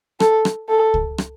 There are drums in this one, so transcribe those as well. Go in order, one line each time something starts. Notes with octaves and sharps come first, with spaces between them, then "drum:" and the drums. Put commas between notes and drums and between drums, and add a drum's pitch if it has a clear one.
A4, drum: rim click
drum: rim click
A4
drum: kick C#2
drum: rim click